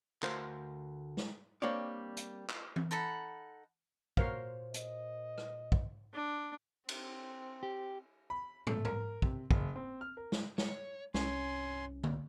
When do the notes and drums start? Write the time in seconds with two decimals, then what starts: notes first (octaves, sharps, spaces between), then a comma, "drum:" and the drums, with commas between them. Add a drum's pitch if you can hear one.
0.23 D2 A#4 C5 F5, drum: clap
1.17 drum: snare
1.62 G3 A#3 C4 D4 C#5 D5
2.17 drum: hi-hat
2.50 drum: clap
2.76 drum: tom E3
2.91 D#4 A4 F#5 B5
4.17 A#2 F#4 A#4 C5 C#5 F5, drum: kick
4.74 D#5, drum: hi-hat
5.38 drum: rim click
5.72 drum: kick
6.14 D4
6.89 C4, drum: cymbal
7.63 G4
8.30 B5
8.67 A3, drum: tom
8.85 A#4, drum: tom
9.22 C3, drum: kick
9.51 F#1, drum: kick
9.76 C4
10.01 F6
10.17 A#4
10.32 drum: snare
10.58 C#5, drum: snare
11.14 C2 G2 C#4 C#5 G#5 C6, drum: snare
12.04 drum: tom D3